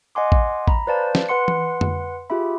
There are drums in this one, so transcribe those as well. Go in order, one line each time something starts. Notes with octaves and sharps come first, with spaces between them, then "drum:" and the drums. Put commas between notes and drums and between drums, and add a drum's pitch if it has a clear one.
D#5 F#5 G#5 C6 D6
drum: kick A1
A#5 B5, drum: kick A1
B4 C5 D5 F5 A5
drum: snare
B4 F#5 C6 C#7
drum: tom E3
drum: tom F2
F4 G4 G#4 E5 B5